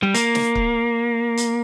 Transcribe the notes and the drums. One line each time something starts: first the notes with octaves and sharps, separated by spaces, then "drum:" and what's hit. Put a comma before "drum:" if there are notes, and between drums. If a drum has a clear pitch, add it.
G3
A#3, drum: hi-hat
drum: snare
drum: kick
drum: hi-hat